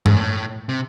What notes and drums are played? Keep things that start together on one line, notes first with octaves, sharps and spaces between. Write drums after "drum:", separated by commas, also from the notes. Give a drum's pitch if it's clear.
G#2, drum: tom G2
A2
C3